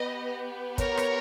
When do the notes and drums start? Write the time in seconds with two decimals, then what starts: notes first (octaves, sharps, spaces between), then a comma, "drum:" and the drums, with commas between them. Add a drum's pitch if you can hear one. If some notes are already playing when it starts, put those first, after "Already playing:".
Already playing: B3 G4 B4 D#5
0.78 A#4 C#5, drum: kick, hi-hat
0.97 drum: rim click